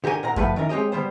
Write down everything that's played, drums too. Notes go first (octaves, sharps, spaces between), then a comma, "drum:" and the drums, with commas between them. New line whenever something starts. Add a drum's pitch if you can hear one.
D3 G4 A#4 C5 G#5
A#2 A#4 F#5 A#5
A2 F3 A3 A4 B4 F#5, drum: kick F#2
D#3 E3 C#4 A#4
G#3 C4 G4 C#5 D#5
D3 G3 B3 C5